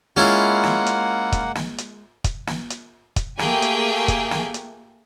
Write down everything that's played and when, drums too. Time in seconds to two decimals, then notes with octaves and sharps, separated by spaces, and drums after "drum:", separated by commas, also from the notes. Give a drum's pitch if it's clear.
0.17 G#3 A#3 C#4 E4 F4 F#5
0.63 drum: snare
0.86 drum: hi-hat
1.32 drum: kick, hi-hat
1.55 drum: snare
1.78 drum: hi-hat
2.24 drum: kick, hi-hat
2.47 drum: snare
2.70 drum: hi-hat
3.16 drum: kick, hi-hat
3.39 A3 A#3 G4 G#4 G5 G#5, drum: snare
3.62 drum: hi-hat
4.08 drum: kick, hi-hat
4.31 drum: snare
4.54 drum: hi-hat